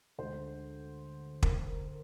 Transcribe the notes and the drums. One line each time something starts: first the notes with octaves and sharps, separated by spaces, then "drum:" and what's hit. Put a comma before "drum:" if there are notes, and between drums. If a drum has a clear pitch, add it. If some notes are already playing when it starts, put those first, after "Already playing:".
D2 D3 G#3 C5
A#4, drum: kick